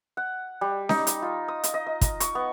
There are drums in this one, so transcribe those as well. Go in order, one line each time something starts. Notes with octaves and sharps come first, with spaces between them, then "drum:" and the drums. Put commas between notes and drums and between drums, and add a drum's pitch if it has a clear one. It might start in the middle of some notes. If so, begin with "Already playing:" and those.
F#5
G3
D#4, drum: snare C#4
drum: hi-hat
F4
D#6
drum: hi-hat
D#5
D#5
drum: kick, hi-hat
C#6, drum: hi-hat
B3